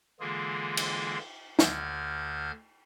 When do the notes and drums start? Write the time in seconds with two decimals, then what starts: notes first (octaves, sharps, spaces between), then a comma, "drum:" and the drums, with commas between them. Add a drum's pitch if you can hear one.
0.20 D3 E3 G#3 A#3 F4 G#4
0.77 drum: cymbal
1.59 D2 D3 F6 G6 G#6, drum: snare